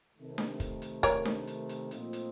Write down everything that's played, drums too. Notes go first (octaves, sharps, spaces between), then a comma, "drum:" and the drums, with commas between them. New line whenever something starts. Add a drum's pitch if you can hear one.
C3 D#3 A3
drum: snare D4
drum: kick, hi-hat
drum: hi-hat
A#4 C#5, drum: kick, hi-hat
drum: snare D4
drum: hi-hat
drum: hi-hat
A#2 F3 A3 C4 D#4, drum: hi-hat
drum: hi-hat